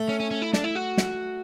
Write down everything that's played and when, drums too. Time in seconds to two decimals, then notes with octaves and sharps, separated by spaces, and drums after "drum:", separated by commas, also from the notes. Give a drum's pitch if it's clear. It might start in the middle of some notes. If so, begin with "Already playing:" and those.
Already playing: A3
0.09 C#4
0.20 C#4
0.31 C#4
0.42 E4
0.53 D4, drum: snare
0.64 E4
0.75 F#4
0.97 drum: snare